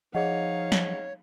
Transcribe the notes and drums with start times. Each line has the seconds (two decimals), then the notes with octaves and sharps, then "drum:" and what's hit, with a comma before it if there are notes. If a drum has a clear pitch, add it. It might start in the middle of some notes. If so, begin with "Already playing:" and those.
0.15 F3 D#4 G#4 C#5 D#5 F5 F#5
0.72 drum: snare